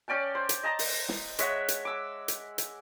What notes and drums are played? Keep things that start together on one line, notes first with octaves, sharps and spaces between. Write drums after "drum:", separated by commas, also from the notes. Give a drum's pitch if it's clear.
C#4 D5 G5 A5
C5
drum: hi-hat
D#5 A5 A#5
drum: open hi-hat
drum: snare
G#3 C#5 E5 F#5, drum: hi-hat
drum: hi-hat
D6 E6
drum: hi-hat
drum: hi-hat